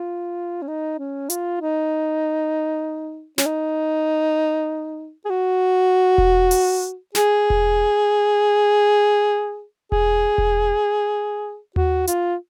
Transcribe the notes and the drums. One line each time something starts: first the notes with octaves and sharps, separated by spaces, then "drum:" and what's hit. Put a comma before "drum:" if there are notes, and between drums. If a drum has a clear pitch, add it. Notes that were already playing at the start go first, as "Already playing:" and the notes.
Already playing: F4
C#4
D#4
C#4
F4, drum: hi-hat
D#4
C#4, drum: snare
D#4
G#4
F#4
drum: kick E1
drum: open hi-hat
G#4, drum: snare
drum: kick E1
G#4, drum: kick E1
drum: kick E1
F#4, drum: tom D#2
F4, drum: hi-hat